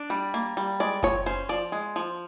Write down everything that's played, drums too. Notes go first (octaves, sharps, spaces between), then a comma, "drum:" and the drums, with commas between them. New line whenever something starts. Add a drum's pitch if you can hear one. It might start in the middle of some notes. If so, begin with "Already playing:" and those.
Already playing: D4
G3, drum: hi-hat
A#3, drum: hi-hat
G3, drum: hi-hat
G#3 D5, drum: hi-hat
F3 C#5, drum: kick F#1, hi-hat
C#4 C5, drum: hi-hat
F3 D5, drum: open hi-hat
G#3, drum: hi-hat
F3, drum: hi-hat